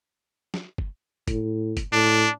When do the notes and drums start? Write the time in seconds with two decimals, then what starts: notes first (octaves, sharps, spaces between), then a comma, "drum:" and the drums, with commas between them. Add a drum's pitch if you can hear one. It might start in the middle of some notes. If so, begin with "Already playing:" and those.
0.54 drum: snare
0.78 drum: kick
1.28 A2, drum: kick, hi-hat
1.77 drum: kick, hi-hat
1.93 A2 D4